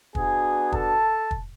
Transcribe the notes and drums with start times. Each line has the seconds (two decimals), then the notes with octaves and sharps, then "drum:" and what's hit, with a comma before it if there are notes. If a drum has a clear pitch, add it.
0.15 B3 D4 F#4 G#4 G#5, drum: kick
0.72 A4 A5, drum: kick
1.31 drum: kick